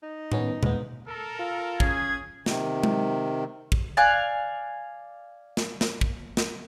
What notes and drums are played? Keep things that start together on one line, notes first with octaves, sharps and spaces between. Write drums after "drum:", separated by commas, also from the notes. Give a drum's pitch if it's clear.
D#4
D#3 B3 C#4, drum: tom A2
D#2 G#2 B3, drum: tom A#2
A4 A#4
F4
C#4 G#4 G#6, drum: kick
C3 D#3, drum: snare
drum: tom G#3
drum: kick
D5 F5 G#5 F#6
drum: snare
drum: snare
drum: kick
drum: snare